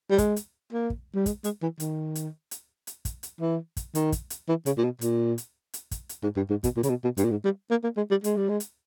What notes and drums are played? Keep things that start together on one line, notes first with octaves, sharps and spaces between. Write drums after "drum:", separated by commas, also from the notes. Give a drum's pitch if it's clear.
G3
G#3, drum: kick, hi-hat
drum: hi-hat
A#3
drum: kick
G3
G#3, drum: kick, hi-hat
G#3, drum: hi-hat
E3
D#3, drum: hi-hat
drum: hi-hat
drum: hi-hat
drum: hi-hat
drum: kick, hi-hat
drum: hi-hat
E3
drum: kick, hi-hat
D#3, drum: hi-hat
drum: kick, hi-hat
drum: hi-hat
E3
C#3, drum: hi-hat
A#2
B2
A#2, drum: hi-hat
drum: hi-hat
drum: hi-hat
drum: kick, hi-hat
drum: hi-hat
G#2
G2
G#2
B2, drum: kick, hi-hat
A#2
C#3, drum: hi-hat
B2
B2
G2, drum: hi-hat
A#2
G#2
G3
A#3
A#3
G#3
G3
G#3, drum: hi-hat
G3
G#3
drum: hi-hat